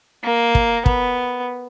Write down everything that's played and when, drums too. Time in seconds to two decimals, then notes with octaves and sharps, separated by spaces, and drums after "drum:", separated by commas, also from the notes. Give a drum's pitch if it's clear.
0.23 A#3
0.55 drum: kick
0.86 B3, drum: kick